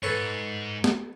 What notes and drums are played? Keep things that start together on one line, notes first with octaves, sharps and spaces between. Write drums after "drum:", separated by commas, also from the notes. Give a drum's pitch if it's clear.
G#2 A4 B4 C#5
drum: snare